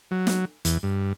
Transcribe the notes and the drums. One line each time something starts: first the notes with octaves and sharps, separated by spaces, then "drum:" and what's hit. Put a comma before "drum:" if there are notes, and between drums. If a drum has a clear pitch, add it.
F#3
drum: snare
E2, drum: hi-hat
G2